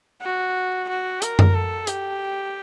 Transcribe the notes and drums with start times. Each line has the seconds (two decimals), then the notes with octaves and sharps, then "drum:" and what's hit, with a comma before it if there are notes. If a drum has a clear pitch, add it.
0.22 F#4
0.88 F#4
1.22 A#4, drum: hi-hat
1.39 drum: tom F#2
1.54 A4
1.87 G4, drum: hi-hat